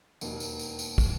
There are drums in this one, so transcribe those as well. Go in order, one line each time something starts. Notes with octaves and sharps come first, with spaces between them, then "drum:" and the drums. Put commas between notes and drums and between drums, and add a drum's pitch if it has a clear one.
E1 D#2 D#3 A#3, drum: tambourine
drum: tambourine
drum: tambourine
drum: tambourine
drum: kick, tambourine